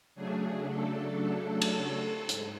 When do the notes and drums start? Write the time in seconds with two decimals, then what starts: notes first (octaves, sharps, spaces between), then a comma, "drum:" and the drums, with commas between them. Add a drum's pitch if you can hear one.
0.15 C#3 F#3 A3 D4 G#4
0.69 A4
1.62 drum: cymbal
2.29 G#2, drum: hi-hat